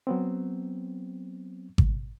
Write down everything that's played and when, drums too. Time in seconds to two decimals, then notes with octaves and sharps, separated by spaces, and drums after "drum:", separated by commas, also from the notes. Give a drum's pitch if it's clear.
0.07 F#3 B3 C4
1.78 drum: kick G#1